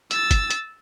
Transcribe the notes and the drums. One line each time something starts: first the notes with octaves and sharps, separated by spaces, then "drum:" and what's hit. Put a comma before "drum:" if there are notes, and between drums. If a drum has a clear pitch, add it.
E6 A6, drum: hi-hat
drum: kick, hi-hat
drum: hi-hat